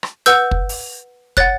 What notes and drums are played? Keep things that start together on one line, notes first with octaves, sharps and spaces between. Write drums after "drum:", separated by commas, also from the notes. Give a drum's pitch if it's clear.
drum: rim click
B4 F#5 E6 G6, drum: hi-hat
drum: kick
drum: open hi-hat
C#5 F#5 F#6 A6, drum: kick